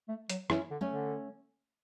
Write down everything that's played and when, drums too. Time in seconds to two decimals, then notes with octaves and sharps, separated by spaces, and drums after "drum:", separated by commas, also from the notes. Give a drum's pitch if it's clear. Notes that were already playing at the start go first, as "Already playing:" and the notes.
0.08 A3
0.30 F#3, drum: hi-hat
0.50 E3 C#4 E4, drum: rim click
0.71 D3
0.81 A3 C#4
0.90 D3